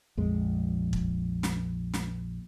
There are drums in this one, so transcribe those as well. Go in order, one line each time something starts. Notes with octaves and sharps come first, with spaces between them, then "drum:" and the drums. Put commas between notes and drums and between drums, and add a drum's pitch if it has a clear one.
A#1 F2 G#3
drum: kick
drum: snare
drum: snare